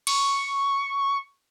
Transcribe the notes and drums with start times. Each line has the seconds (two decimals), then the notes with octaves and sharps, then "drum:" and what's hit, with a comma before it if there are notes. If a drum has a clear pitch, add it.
0.07 C#6, drum: cymbal